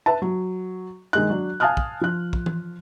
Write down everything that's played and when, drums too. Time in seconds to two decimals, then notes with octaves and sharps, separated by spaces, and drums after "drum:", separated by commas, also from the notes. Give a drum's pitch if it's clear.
0.06 B4 E5 A5
0.22 F#3
1.13 D#3 G#3 F#6
1.30 F#3 D4
1.60 F5 G#5 A5 D#6 F6 F#6
1.77 drum: kick
2.01 F3 F#6
2.33 drum: kick
2.46 drum: tom